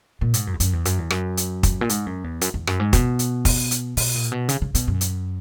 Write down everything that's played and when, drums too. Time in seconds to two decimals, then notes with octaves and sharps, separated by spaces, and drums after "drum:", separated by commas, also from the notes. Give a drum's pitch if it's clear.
0.21 A#2
0.34 G#2, drum: hi-hat
0.47 F#2
0.54 E2
0.60 F#2, drum: hi-hat
0.73 E2
0.85 F#2, drum: hi-hat
0.98 E2
1.10 F#2, drum: rim click
1.37 drum: hi-hat
1.63 drum: kick, hi-hat
1.81 A#2
1.89 G#2, drum: hi-hat
2.06 F#2
2.24 E2
2.41 F#2, drum: hi-hat
2.54 E2
2.67 F#2, drum: rim click
2.80 G#2
2.93 B2, drum: kick, hi-hat
3.19 drum: hi-hat
3.45 drum: kick, open hi-hat
3.71 drum: hi-hat
3.97 B2, drum: open hi-hat
4.15 A#2
4.32 B2
4.49 C#3, drum: hi-hat
4.62 C#3
4.75 B2, drum: hi-hat
4.88 F#2
5.01 drum: hi-hat